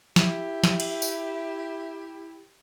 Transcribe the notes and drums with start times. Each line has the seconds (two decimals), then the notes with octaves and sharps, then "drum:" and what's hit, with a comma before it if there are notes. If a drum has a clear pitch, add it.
0.16 E4 G4 E5, drum: snare
0.64 drum: snare
0.80 drum: cymbal
1.02 drum: tambourine